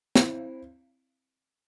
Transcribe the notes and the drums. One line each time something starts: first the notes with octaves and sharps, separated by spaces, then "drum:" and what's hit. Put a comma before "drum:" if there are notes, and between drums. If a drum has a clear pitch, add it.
C4 E4, drum: snare